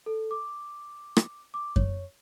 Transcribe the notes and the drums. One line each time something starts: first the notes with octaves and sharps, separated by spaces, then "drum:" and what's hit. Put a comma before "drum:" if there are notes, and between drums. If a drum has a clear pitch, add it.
A4
D6
drum: rim click
D6
C#5, drum: kick F#2